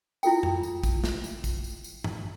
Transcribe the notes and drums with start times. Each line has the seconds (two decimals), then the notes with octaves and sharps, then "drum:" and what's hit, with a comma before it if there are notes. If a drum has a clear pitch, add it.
0.23 E4 F4 A4 G5, drum: tambourine
0.43 drum: tom F2
0.63 drum: tambourine
0.83 drum: kick, tambourine
1.04 drum: snare
1.24 drum: tambourine
1.44 drum: kick, tambourine
1.64 drum: tambourine
1.84 drum: tambourine
2.04 drum: tom